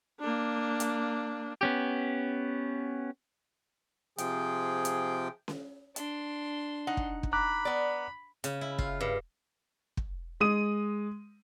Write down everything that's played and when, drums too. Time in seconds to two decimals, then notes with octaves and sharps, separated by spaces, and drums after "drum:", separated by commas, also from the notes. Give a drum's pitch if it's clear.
0.20 A#3 D4
0.80 drum: hi-hat
1.61 B3 C#4 G4
4.18 C3 F3 G#4 G5, drum: hi-hat
4.85 drum: hi-hat
5.48 drum: snare C#4
5.96 D4 C6, drum: hi-hat
6.87 D#4 F#5
6.97 drum: kick
7.23 drum: kick
7.33 A#5 B5 D6 F#6
7.65 B3 D5
8.44 C#3, drum: hi-hat
8.61 E4
8.78 F4, drum: kick
9.01 G2
9.97 drum: kick
10.41 G#3 D#6 D#7